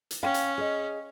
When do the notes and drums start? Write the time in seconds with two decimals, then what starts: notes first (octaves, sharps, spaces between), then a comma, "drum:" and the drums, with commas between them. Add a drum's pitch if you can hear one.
0.11 drum: hi-hat
0.23 C#4 F5 G5
0.34 drum: hi-hat
0.58 G#4 D#5